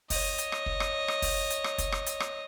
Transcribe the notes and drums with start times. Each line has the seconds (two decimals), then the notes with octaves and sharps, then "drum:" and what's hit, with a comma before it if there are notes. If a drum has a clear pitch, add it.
0.10 C#5 D#5, drum: kick, open hi-hat
0.38 drum: hi-hat
0.52 drum: rim click
0.66 drum: kick
0.80 drum: rim click
1.08 drum: rim click
1.22 drum: kick, open hi-hat
1.50 drum: hi-hat
1.64 drum: rim click
1.78 drum: kick, hi-hat
1.92 drum: rim click
2.06 drum: hi-hat
2.20 drum: rim click